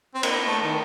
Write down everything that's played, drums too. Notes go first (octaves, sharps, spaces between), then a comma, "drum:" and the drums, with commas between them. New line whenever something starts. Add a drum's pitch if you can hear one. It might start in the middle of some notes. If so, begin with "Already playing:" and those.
C4
A#3, drum: cymbal
B3
A3
D#3